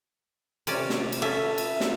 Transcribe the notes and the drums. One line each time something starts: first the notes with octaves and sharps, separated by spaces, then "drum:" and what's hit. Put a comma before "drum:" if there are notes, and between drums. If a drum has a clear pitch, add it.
C3 C#4 D5, drum: cymbal
drum: snare
drum: cymbal
C#4 A4 E5
drum: cymbal
drum: snare